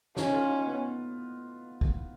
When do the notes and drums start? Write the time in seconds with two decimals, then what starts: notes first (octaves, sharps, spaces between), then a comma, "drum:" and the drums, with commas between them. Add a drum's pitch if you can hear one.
0.17 C#4 D#4, drum: snare
0.33 F4
0.49 D#4
0.65 B3
1.81 drum: kick